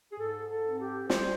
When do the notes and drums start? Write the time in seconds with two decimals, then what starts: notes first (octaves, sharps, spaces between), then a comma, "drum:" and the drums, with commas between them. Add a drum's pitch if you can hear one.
0.12 G#4
0.19 G#2 A4
0.50 A4
0.65 C4
0.80 G4
1.10 G3 C5, drum: snare